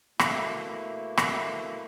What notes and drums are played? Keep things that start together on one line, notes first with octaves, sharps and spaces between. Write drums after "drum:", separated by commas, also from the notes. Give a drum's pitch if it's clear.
B2 A3 A#3 E4, drum: rim click
drum: rim click